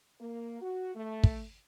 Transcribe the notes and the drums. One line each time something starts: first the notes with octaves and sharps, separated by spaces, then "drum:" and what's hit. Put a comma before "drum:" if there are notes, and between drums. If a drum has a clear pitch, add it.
A#3
F#4
A3
drum: kick